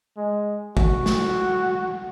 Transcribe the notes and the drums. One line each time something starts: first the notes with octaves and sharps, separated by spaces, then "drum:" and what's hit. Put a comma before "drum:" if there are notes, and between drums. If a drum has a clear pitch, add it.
G#3
F#4, drum: kick
drum: snare